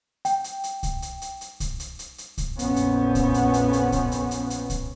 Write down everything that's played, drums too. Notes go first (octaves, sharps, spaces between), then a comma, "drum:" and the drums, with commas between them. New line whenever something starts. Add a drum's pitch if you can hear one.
G5, drum: hi-hat
drum: hi-hat
drum: hi-hat
drum: kick C2, hi-hat
drum: hi-hat
drum: hi-hat
drum: hi-hat
drum: kick C2, hi-hat
drum: hi-hat
drum: hi-hat
drum: hi-hat
drum: kick C2, hi-hat
A#1 F2 B3 C#4, drum: hi-hat
drum: hi-hat
drum: kick C2, hi-hat
drum: hi-hat
drum: hi-hat
drum: hi-hat
drum: kick C2, hi-hat
drum: hi-hat
drum: hi-hat
drum: hi-hat
drum: kick C2, hi-hat